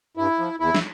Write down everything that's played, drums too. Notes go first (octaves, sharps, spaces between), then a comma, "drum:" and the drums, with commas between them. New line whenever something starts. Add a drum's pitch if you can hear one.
G2 E4
F3
E2 E4
drum: snare